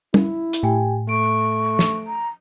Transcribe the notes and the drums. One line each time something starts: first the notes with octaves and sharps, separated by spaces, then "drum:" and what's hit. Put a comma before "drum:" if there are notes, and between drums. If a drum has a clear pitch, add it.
E4, drum: tom
drum: hi-hat
A2 G4 G5 G#5
A3 C#6 D7
drum: snare
A#5